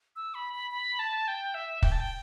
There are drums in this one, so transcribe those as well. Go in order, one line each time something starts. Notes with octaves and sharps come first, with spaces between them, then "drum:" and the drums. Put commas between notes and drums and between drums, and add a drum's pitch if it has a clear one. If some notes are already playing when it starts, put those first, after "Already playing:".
E6
B5
B5
B5
A5
G5
E5
G5, drum: kick
A5
G5